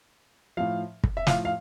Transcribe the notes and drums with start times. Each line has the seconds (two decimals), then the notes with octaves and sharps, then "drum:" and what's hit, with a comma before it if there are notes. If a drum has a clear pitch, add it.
0.57 A2 F3 F5
1.04 drum: kick
1.17 E5
1.27 A2 F3 F5, drum: snare
1.45 F5